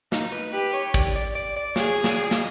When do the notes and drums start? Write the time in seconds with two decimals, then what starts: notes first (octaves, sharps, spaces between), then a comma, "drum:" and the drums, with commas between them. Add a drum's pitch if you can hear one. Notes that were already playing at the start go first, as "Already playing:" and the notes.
0.12 D#4, drum: snare
0.32 B4
0.53 G4 B4
0.73 C#5
0.94 D5, drum: kick
1.15 D5
1.35 D5
1.56 D5
1.76 G#4 C#5, drum: snare
2.04 D5, drum: snare
2.31 D#5, drum: snare